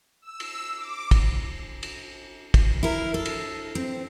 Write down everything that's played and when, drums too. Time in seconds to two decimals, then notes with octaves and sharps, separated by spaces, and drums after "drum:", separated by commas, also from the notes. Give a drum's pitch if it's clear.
0.22 E6
0.40 drum: cymbal
0.76 D6
1.11 drum: kick, cymbal
1.83 drum: cymbal
2.54 drum: kick, cymbal
2.83 E4 A#4
3.14 A4
3.25 drum: cymbal
3.75 C4